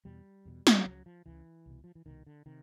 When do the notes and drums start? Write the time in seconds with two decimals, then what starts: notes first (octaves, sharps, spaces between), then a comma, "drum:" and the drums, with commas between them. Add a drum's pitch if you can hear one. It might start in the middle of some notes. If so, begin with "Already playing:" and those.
0.05 E2 B2 G3
0.45 E2 B2
0.67 drum: snare
0.86 C#2 C#3 F#3
1.06 F3
1.26 C#2 C#3 E3
1.66 C2 B2
1.84 F3
1.95 E3
2.06 C2 B2 D#3
2.27 D3
2.46 C3 D#3